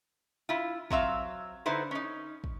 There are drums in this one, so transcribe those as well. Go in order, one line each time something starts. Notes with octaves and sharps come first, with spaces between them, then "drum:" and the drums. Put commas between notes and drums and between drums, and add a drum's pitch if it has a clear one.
E4 F4
F#3 C4 E5 F5, drum: kick
D3 D#4 E4 B4 C5
C#4 D#4
drum: kick